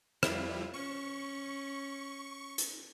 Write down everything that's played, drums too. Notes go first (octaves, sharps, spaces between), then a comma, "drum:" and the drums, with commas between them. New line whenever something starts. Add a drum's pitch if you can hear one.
F2 G3 E4 F4, drum: rim click
C#4 C#6
drum: hi-hat